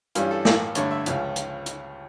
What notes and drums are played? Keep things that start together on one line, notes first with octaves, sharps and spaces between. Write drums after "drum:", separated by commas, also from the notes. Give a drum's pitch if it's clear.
G2 E3 G3 C#4 F4, drum: hi-hat
A4
A2 E3 A#3, drum: snare
G2 D3 A3 C#5, drum: hi-hat
E5
C#2 C#3 F3 C#4, drum: hi-hat
drum: hi-hat
drum: hi-hat